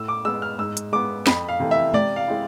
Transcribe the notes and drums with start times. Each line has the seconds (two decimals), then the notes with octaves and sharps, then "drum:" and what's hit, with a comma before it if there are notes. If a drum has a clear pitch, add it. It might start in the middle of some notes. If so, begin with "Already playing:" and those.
Already playing: A2 E6
0.08 D6
0.25 G#3 B3 E6
0.42 F6
0.59 G#2 E6
0.77 drum: hi-hat
0.93 G#3 B3 D6
1.27 F2 B5, drum: snare
1.49 F5
1.60 C3 E3 A3
1.71 E5
1.94 C3 D5, drum: tom G#3
2.16 F5
2.28 G#3 C4 E4